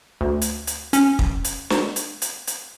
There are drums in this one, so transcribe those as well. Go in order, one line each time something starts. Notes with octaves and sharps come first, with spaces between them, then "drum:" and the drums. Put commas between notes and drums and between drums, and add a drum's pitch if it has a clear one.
D2
drum: hi-hat
drum: hi-hat
C#4, drum: hi-hat
drum: kick
drum: hi-hat
drum: snare
drum: hi-hat
drum: hi-hat
drum: hi-hat